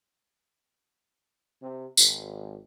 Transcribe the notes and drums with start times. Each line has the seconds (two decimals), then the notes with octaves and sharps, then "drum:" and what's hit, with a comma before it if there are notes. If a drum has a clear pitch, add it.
1.62 C3
1.97 G#1, drum: tambourine